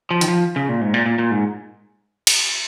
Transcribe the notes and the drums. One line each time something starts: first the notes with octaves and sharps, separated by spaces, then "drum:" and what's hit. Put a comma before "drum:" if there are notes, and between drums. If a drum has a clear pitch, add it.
F3
D#3, drum: hi-hat
F3
C#3
A#2
G#2
A#2
A#2
A#2
G#2
drum: cymbal